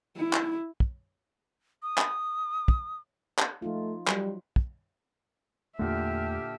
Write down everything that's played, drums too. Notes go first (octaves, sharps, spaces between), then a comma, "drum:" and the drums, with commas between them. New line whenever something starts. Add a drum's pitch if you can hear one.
E4
drum: clap
drum: kick
D#6
drum: clap
drum: kick
drum: clap
F3 A3 D#4 F4
F#3 G3, drum: clap
drum: kick
E2 A#2 D3 A3 G4 E5 A5 F6